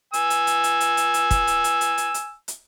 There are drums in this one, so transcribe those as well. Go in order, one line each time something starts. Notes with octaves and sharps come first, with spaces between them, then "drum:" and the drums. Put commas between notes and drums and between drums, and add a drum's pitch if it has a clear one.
G#5 E6, drum: hi-hat
drum: hi-hat
drum: hi-hat
drum: hi-hat
drum: hi-hat
drum: hi-hat
drum: hi-hat
drum: kick, hi-hat
drum: hi-hat
drum: hi-hat
drum: hi-hat
drum: hi-hat
drum: hi-hat
drum: hi-hat